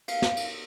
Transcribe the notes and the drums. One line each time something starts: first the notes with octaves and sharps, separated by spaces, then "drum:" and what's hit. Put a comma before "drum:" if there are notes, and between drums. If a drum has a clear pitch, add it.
F5, drum: cymbal
drum: snare
drum: cymbal